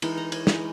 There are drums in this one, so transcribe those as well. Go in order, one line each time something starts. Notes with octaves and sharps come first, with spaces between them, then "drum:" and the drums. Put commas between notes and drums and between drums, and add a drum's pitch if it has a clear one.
E3 G#3 D#4, drum: cymbal
A#5
G#5, drum: cymbal
E3 G#3 D#4, drum: snare